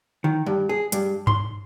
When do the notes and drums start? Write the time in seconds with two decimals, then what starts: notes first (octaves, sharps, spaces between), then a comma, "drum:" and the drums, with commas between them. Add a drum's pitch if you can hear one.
0.24 D#3
0.46 G2
0.69 G#4
0.92 G2, drum: hi-hat
1.27 C6, drum: tom G2